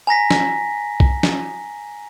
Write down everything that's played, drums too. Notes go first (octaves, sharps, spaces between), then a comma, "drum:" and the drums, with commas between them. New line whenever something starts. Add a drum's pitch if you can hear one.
G#5 A#5 A#6 B6
drum: snare
drum: kick
drum: snare